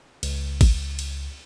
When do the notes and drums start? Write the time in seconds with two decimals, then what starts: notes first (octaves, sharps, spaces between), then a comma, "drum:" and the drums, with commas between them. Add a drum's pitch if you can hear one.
0.23 C#2, drum: cymbal
0.61 drum: kick G#1, cymbal
0.99 drum: cymbal